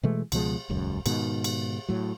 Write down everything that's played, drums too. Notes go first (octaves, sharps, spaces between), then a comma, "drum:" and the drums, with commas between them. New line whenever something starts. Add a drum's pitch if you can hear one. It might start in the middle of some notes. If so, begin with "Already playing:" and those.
B2 E3 G#3 A3
C#2 B2 F3 G#3, drum: cymbal
D#1 C#2 F#2
G#2 B2 D#3, drum: cymbal
drum: cymbal
A2 F#3